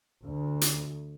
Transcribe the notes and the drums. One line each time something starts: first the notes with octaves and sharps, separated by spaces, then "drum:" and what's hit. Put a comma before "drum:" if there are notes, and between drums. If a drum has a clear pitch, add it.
D2
drum: hi-hat